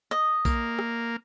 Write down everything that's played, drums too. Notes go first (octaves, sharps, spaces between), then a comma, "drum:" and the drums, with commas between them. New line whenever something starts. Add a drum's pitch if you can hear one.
D#5
A#3, drum: kick A#1, tambourine
drum: rim click